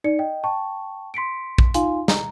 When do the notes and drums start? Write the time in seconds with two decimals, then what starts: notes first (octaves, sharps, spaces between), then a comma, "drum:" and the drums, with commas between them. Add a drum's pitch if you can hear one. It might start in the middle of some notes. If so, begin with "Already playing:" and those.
0.04 D#4 D5 C#7
0.19 D#5 G5
0.44 G5 A5 C#6
1.14 C6 B6 C#7 D7
1.58 drum: kick A#1
1.74 D#4 F4 F5 G#5 C6, drum: hi-hat
2.08 A#5, drum: snare